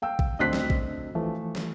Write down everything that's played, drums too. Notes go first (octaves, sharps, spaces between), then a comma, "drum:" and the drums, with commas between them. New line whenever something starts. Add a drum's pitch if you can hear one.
F5 G5 E6
drum: kick A#1
D2 C4 D4 D#5 F#6 B6
drum: snare
drum: kick A#1
E3 F3 A3
drum: snare